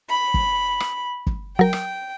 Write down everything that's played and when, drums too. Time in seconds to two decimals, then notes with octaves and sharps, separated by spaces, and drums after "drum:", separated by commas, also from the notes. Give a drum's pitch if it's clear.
0.11 B5
0.34 drum: kick
0.80 drum: rim click
1.27 drum: kick
1.59 F#3 A#4 G5
1.73 drum: rim click